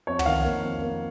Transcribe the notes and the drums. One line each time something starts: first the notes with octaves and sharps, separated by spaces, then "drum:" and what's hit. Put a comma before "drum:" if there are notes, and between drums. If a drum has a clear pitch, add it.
F2 C#5
F#5, drum: tom
D#3 F5
A#3
F2
A#3